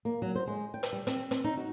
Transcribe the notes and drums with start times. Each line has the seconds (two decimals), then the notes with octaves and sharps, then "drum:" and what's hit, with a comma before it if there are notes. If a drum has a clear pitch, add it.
0.05 A#3
0.22 F#3
0.35 C5
0.47 G#3
0.74 G5
0.83 drum: hi-hat
0.93 G3
1.07 C4, drum: hi-hat
1.31 C4, drum: hi-hat
1.44 D#4
1.57 F#4